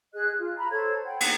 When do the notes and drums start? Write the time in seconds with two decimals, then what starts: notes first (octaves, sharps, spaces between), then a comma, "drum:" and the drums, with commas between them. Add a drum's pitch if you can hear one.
0.14 G#4 D#5 F#6
0.39 F4
0.57 A#5 B5
0.70 A4 C5 C#5 G#6
1.05 F#5 G5 B5
1.20 A#5, drum: cymbal